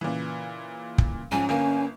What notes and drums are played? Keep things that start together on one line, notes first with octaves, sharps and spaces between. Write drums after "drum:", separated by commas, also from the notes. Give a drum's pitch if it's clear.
A#2 C#3 E3
drum: kick
G#2 F3 C#4 G#5
G1 A#3 G#5